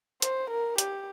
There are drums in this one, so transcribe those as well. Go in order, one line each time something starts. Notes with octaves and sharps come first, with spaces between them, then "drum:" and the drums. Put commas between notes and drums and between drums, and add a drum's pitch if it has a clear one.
C5, drum: hi-hat
A#4
G4, drum: hi-hat